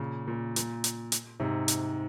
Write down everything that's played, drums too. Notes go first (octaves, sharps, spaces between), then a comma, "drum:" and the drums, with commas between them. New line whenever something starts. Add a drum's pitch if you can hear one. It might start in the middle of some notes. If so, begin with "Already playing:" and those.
Already playing: A#2 C#3
A#2
A#2, drum: hi-hat
drum: hi-hat
drum: hi-hat
G#2 C3
drum: hi-hat